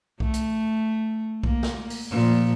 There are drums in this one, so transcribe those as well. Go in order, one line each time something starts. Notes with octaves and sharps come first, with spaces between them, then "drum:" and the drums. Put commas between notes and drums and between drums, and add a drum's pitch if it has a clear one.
A3, drum: kick B1
drum: hi-hat
A#3, drum: kick B1
drum: snare
drum: open hi-hat
A#2 F3, drum: tom F2